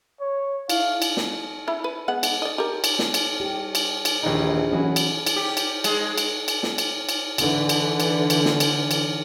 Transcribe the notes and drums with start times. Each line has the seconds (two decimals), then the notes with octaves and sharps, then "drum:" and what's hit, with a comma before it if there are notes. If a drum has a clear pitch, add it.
0.20 C#5
0.69 E4 F5, drum: cymbal
1.02 drum: cymbal
1.17 drum: snare
1.68 E4 B5
1.84 B4
2.08 G#3 B3 F#5
2.23 drum: cymbal
2.42 D5 D#5
2.58 G4 A#4
2.84 drum: cymbal
2.99 drum: snare
3.14 drum: cymbal
3.40 G4
3.75 drum: cymbal
4.05 drum: cymbal
4.23 A#1 D#2 E3 D#4
4.72 E3 F#3 C#4 E4 F#4 G#4
4.96 drum: cymbal
5.27 drum: cymbal
5.36 G4
5.57 drum: cymbal
5.84 G#3, drum: cymbal
6.18 drum: cymbal
6.48 drum: cymbal
6.63 drum: snare
6.78 drum: cymbal
7.09 drum: cymbal
7.38 D3 E3, drum: cymbal
7.69 drum: cymbal
8.00 drum: cymbal
8.30 drum: cymbal
8.45 drum: snare
8.60 drum: cymbal
8.91 drum: cymbal